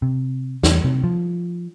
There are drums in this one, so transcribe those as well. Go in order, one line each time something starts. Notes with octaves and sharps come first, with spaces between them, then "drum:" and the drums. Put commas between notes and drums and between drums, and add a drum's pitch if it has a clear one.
C3
E2, drum: snare
C3
F3